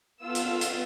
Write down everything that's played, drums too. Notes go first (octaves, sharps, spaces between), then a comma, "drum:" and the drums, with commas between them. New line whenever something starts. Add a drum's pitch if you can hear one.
B3 F4 A4 E6
drum: hi-hat
drum: hi-hat